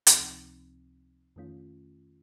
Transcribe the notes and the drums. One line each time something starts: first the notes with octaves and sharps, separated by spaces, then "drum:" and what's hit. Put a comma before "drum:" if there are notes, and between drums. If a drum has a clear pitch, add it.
C#2 C3 F3 C4 D#4, drum: hi-hat
F2 D#3 A3 C#4 F4